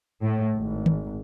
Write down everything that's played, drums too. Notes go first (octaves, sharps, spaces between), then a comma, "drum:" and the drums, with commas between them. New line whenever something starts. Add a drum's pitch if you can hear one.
A2
G#1
drum: tom D#3